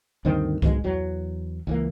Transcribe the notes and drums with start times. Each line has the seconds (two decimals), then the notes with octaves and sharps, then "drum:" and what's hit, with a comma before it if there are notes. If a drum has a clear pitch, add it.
0.25 D2 G2 D#3 C4
0.62 B1 G#2 B2 G#3, drum: kick C2
0.84 E2 E3 F#3
1.67 C#2 E3 A#3